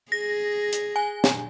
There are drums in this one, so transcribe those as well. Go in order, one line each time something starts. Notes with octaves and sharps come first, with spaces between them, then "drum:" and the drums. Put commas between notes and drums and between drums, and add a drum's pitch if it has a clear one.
G#4 A#6
drum: hi-hat
G#5
drum: snare